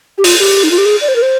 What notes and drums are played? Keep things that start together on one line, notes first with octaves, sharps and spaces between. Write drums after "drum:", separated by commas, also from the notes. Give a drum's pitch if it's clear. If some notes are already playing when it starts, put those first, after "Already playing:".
G4
F4, drum: open hi-hat
G4
D#4
F4
G4
G#4
D5
C5
A#4
C5